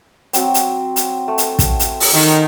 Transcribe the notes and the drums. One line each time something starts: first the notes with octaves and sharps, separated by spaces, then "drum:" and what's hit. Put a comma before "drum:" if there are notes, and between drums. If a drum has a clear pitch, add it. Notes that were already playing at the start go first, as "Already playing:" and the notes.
F#3 C4, drum: hi-hat
drum: hi-hat
drum: hi-hat
A3
drum: hi-hat
drum: kick, hi-hat
drum: hi-hat
drum: open hi-hat
D#3